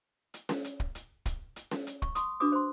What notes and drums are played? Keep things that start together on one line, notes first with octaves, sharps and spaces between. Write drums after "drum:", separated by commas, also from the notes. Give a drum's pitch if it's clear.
drum: hi-hat
drum: snare C#4
drum: hi-hat
drum: kick
drum: hi-hat
drum: kick, hi-hat
drum: hi-hat
drum: snare C#4
drum: hi-hat
C#6, drum: kick
C6 D#6, drum: hi-hat
D4 F#4 B4 D6 D#6
C5 C6